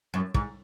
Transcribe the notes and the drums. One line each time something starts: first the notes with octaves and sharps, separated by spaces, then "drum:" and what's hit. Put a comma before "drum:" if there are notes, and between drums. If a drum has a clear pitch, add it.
F#2
G#2, drum: kick